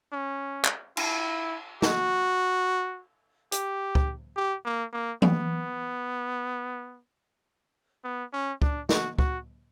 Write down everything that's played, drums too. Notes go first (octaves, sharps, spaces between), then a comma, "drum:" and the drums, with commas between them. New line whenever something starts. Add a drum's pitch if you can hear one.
C#4
drum: clap
E4, drum: cymbal
F#4, drum: snare
G4, drum: hi-hat
drum: kick
G4
A#3
A#3
B3, drum: tom E3
B3
C#4
D4, drum: kick
F#4, drum: snare
F#4, drum: kick